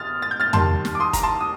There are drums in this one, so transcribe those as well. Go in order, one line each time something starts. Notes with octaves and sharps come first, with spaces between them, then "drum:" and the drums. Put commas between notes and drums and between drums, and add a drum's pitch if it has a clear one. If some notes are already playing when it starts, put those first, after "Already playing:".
Already playing: D#6 F6 A6
A6
G6
F6 A6
D#2 D#3 G3 A5 C6, drum: tom
drum: snare
D6
C6 D#6
A#5, drum: kick, hi-hat
A5 C6
D#6